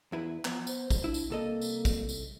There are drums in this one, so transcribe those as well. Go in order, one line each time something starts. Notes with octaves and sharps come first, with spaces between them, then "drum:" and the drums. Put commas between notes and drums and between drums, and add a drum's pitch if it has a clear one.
E2 E4 B4
F3 B3, drum: clap
C5, drum: tambourine
drum: kick, tambourine
D4 E4
drum: tambourine
C2 A#3 A4 D#5
drum: tambourine
drum: kick, tambourine
drum: tambourine